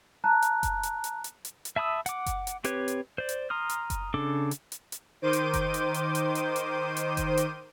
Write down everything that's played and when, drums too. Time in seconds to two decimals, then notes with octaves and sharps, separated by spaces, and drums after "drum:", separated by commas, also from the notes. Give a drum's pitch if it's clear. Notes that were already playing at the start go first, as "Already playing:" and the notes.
0.24 A5 A#5 F#6
0.42 drum: hi-hat
0.63 drum: kick F#1, hi-hat
0.83 drum: hi-hat
1.04 drum: hi-hat
1.24 drum: hi-hat
1.45 drum: hi-hat
1.65 drum: hi-hat
1.76 E5 A5 B5 D#6 E6
2.06 F#5 D6, drum: hi-hat
2.26 drum: kick F#1, hi-hat
2.47 drum: hi-hat
2.64 C4 G4 B4 C#5, drum: hi-hat
2.88 drum: hi-hat
3.18 C5 D5
3.29 drum: hi-hat
3.50 A#5 C6 D#6 F6
3.69 drum: hi-hat
3.90 drum: kick F#1, hi-hat
4.14 C#3 D4 A4 D6
4.51 drum: hi-hat
4.72 drum: hi-hat
4.92 drum: hi-hat
5.22 D#3 C5 D6 G6 D#7
5.33 drum: hi-hat
5.53 drum: kick F#1, hi-hat
5.74 drum: hi-hat
5.94 drum: hi-hat
6.15 drum: hi-hat
6.35 drum: hi-hat
6.56 drum: hi-hat
6.97 drum: hi-hat
7.17 drum: kick F#1, hi-hat
7.37 drum: hi-hat